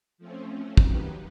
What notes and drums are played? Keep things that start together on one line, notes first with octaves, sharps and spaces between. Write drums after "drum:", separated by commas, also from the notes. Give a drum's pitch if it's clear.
F3 A3 C4 C#4
D#3 F3 F#3 D#4 G4 B4, drum: kick